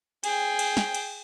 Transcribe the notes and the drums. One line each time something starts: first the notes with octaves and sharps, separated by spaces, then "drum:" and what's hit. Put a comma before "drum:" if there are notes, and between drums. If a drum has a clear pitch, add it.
G#4 G5, drum: cymbal
drum: cymbal
drum: snare
drum: cymbal